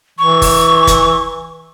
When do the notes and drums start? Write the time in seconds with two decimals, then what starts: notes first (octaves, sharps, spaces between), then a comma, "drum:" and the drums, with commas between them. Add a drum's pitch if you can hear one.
0.19 E3 C#6
0.42 drum: kick F#1, open hi-hat
0.87 drum: kick F#1, hi-hat